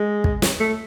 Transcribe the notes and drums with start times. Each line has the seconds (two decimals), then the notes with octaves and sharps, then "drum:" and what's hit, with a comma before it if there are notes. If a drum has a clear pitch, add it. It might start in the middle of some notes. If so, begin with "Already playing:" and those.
Already playing: G#3
0.24 drum: kick
0.42 drum: snare
0.60 A3